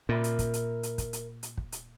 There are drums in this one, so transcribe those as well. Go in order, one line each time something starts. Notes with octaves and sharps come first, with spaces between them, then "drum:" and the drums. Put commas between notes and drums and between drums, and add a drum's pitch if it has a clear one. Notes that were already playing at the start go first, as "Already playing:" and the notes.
A#2 A#4 E5 B5
drum: hi-hat
drum: kick, hi-hat
drum: hi-hat
drum: hi-hat
drum: kick, hi-hat
drum: hi-hat
drum: hi-hat
drum: kick
drum: hi-hat